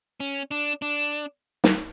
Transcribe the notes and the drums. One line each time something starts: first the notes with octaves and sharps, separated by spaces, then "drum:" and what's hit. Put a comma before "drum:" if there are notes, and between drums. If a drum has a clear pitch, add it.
C#4
D4
D4
drum: snare